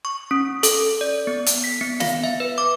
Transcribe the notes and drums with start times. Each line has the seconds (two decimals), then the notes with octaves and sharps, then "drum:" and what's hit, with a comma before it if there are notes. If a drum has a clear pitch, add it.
0.05 C#6
0.31 C#4
0.63 A4, drum: hi-hat
1.01 D5
1.27 B3
1.46 drum: hi-hat
1.64 B6
1.81 B3
2.00 F5, drum: snare
2.24 E5
2.40 B4
2.58 D6